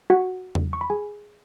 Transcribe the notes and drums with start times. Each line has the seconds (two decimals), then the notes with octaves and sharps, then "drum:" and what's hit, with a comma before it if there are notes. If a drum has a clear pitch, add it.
0.10 F#4 F#5
0.55 drum: tom E2
0.73 C#6
0.81 B5
0.90 G#4 G#5